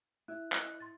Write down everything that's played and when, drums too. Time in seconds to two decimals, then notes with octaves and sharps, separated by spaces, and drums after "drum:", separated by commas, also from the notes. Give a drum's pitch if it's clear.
0.28 E4 E5 F#6
0.52 D#5 F#6, drum: clap
0.80 C6 A6